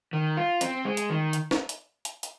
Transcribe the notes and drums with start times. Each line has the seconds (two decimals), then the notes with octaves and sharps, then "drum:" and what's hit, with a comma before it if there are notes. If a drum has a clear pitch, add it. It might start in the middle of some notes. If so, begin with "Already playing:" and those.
0.13 D#3
0.37 F4
0.61 C4, drum: hi-hat
0.85 G#3
0.97 drum: hi-hat
1.10 D#3
1.33 drum: hi-hat
1.51 drum: snare
1.69 drum: hi-hat
2.05 drum: hi-hat
2.23 drum: hi-hat